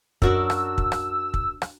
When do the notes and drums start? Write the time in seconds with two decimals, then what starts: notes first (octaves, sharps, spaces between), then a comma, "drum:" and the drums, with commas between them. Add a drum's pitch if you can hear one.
0.22 F#2 D4 F#4 A#4 D#6 E6, drum: kick
0.50 drum: rim click
0.78 drum: kick
0.92 drum: rim click
1.34 drum: kick
1.62 drum: rim click